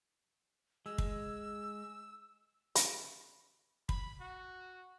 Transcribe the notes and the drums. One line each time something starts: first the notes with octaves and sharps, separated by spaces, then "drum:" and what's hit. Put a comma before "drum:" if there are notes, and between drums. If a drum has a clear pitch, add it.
G#3 E6
drum: kick
B5, drum: hi-hat
B5, drum: kick
F#4